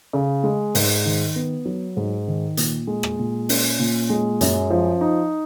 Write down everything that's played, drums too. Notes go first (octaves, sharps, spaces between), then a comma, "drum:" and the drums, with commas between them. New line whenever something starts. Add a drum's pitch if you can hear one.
C#3
G#3
G#2, drum: open hi-hat
D#3
B3
F#3
G#2
D#3
A#2, drum: hi-hat
G#3
drum: rim click
A#2
C#4, drum: open hi-hat
A#2
G#3
F#2, drum: hi-hat
F3
D#4